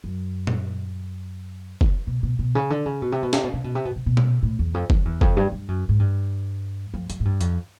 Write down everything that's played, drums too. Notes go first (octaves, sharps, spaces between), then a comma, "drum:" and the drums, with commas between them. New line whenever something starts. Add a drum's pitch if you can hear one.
F#2
drum: tom A#2
drum: kick
B2
B2
B2
C#3
D3
C#3
B2
C3
B2
C3, drum: snare
B2
C3
B2
C3
B2
C3
B2
drum: tom A#2
A2
E2
F2
F2, drum: kick
E2
F2, drum: kick
G2
G2
F#2
G#2
G2
F2
F2, drum: hi-hat
G#2
G2
F2, drum: hi-hat